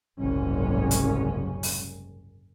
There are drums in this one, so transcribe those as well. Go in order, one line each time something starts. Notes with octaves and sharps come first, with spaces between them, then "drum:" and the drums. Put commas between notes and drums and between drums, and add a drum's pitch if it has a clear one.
F#1 C2 G#2 C#4
drum: hi-hat
drum: open hi-hat